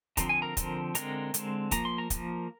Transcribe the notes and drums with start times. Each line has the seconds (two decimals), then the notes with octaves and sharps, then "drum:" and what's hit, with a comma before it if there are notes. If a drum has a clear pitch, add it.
0.17 D3 F3 C4 A#5, drum: kick, hi-hat
0.29 G#5
0.42 A#4 A#5
0.57 D3 F3 C4, drum: kick, hi-hat
0.95 D3 G#3 C4 A#4 A#5, drum: hi-hat
1.34 D3 G#3 C4, drum: hi-hat
1.71 F3 A#3 A#5, drum: kick, hi-hat
1.85 C6
1.98 A#4 A#5
2.10 F3 A#3, drum: kick, hi-hat